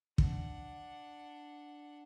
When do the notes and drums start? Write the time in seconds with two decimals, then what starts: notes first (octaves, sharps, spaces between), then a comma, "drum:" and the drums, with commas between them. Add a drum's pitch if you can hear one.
0.18 D4 F#5, drum: kick